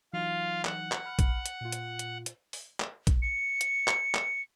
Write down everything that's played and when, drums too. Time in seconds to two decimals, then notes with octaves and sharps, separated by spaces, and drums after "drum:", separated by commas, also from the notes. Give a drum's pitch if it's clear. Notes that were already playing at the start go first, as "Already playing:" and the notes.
0.13 E3 F#3 D#4 F4 F5
0.65 F#5, drum: clap
0.92 drum: clap
1.05 B5 F6
1.19 drum: kick A#1, hi-hat
1.46 drum: hi-hat
1.61 A#2 F4
1.72 drum: hi-hat
1.99 drum: hi-hat
2.26 drum: hi-hat
2.53 drum: open hi-hat
2.80 drum: clap
3.07 drum: kick A#1, hi-hat
3.22 C#7
3.61 drum: hi-hat
3.88 drum: clap
4.15 drum: clap